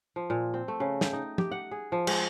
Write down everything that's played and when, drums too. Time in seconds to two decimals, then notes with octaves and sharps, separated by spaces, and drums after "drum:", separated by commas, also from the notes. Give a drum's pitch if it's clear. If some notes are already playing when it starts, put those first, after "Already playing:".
0.16 F3
0.30 A#2
0.54 C4
0.68 A3
0.80 C#3
1.01 G5, drum: snare
1.13 D#4
1.38 G4, drum: tom
1.52 F#5
1.71 G#4
1.92 F3
2.07 G#3, drum: cymbal